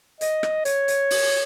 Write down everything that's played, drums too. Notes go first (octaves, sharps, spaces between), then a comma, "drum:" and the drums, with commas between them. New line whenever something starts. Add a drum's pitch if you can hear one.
D#5, drum: hi-hat
drum: rim click
C#5, drum: hi-hat
drum: hi-hat
drum: open hi-hat